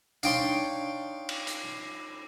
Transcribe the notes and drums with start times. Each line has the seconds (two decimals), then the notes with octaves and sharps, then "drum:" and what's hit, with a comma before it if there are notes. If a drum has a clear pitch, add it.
0.23 D4 D#4 C#5 F5 G5 C6, drum: tambourine
1.29 drum: cymbal
1.47 drum: hi-hat